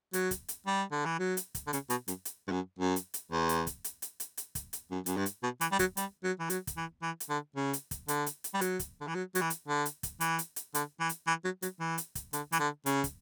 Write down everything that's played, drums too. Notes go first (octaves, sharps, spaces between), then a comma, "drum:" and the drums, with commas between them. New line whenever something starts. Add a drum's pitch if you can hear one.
F#3, drum: hi-hat
drum: kick, hi-hat
drum: hi-hat
G3
D3
E3
F#3
drum: hi-hat
drum: kick, hi-hat
D3
C#3, drum: hi-hat
B2, drum: hi-hat
F#2, drum: hi-hat
drum: hi-hat
G2
F#2
F#2
drum: hi-hat
drum: hi-hat
E2
drum: hi-hat
drum: kick, hi-hat
drum: hi-hat
drum: hi-hat
drum: hi-hat
drum: hi-hat
drum: kick, hi-hat
drum: hi-hat
F#2
F#2, drum: hi-hat
G2
drum: hi-hat
B2
E3, drum: hi-hat
G3
F#3, drum: kick, hi-hat
G3, drum: hi-hat
F#3
E3
F#3, drum: hi-hat
drum: kick, hi-hat
E3
E3
drum: hi-hat
D3
C#3
drum: hi-hat
drum: kick, hi-hat
D3, drum: hi-hat
drum: hi-hat
drum: hi-hat
G3
F#3, drum: hi-hat
drum: kick, hi-hat
D3
E3
F#3
F#3, drum: hi-hat
E3
drum: hi-hat
D3
drum: hi-hat
drum: kick, hi-hat
E3, drum: hi-hat
drum: hi-hat
drum: hi-hat
D3, drum: hi-hat
E3
drum: hi-hat
E3
F#3
F#3, drum: hi-hat
E3
drum: hi-hat
drum: kick, hi-hat
D3, drum: hi-hat
E3, drum: hi-hat
D3
C#3, drum: hi-hat
drum: kick, hi-hat